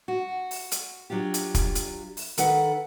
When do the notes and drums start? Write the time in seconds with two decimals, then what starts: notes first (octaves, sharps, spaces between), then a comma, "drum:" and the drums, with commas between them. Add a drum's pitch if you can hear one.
0.08 F#4
0.51 drum: open hi-hat
0.71 drum: hi-hat
1.10 F#3 D4 F4 G4
1.34 drum: hi-hat
1.54 drum: kick, hi-hat
1.75 drum: hi-hat
2.17 drum: open hi-hat
2.37 D#3 A4 B4 F#5, drum: hi-hat